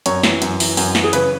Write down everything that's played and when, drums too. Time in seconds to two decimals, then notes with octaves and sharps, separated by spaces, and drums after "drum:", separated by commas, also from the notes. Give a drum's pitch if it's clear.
0.06 F#2 C#5, drum: hi-hat
0.23 E3, drum: snare
0.42 F#2, drum: hi-hat
0.60 E3, drum: open hi-hat
0.77 F#2, drum: open hi-hat
0.95 E3, drum: snare
1.04 G#4
1.13 C#3 B4, drum: hi-hat